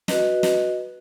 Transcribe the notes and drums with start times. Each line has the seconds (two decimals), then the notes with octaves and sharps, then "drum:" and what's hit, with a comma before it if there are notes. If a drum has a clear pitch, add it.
0.08 F#4 B4 D#5, drum: snare
0.43 drum: snare